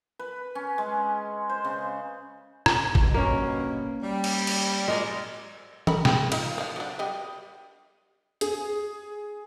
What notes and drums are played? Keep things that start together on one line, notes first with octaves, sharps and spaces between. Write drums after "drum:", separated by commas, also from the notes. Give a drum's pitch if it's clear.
B4
C#4
G#3
C5
C#3
drum: rim click
G2 B2, drum: kick G1
A#3 C#4
G3
drum: cymbal
drum: cymbal
A#2 G#3 A#4 D5
A4 A#4 B5, drum: tom E3
G#4 G5, drum: snare
D#4 F4 F5, drum: cymbal
F3 F5
F#3 D4
G3 D#5
G#4, drum: hi-hat